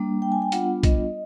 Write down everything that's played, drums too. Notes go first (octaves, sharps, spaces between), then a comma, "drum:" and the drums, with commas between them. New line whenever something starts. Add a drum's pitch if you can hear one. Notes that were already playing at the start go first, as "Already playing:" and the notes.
Already playing: G3 A#3 D4
G5
G#5
G5
G3 B3 D4 F4 F#5, drum: hi-hat
D#5, drum: kick, hi-hat